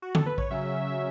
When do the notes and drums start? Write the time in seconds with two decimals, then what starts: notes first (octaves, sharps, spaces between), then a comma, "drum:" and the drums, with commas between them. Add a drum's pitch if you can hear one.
0.02 F#4
0.15 A4, drum: tom D3
0.26 B4
0.38 C#5, drum: kick
0.50 C#3 F#3 C#4 E5
0.68 E5
0.87 E5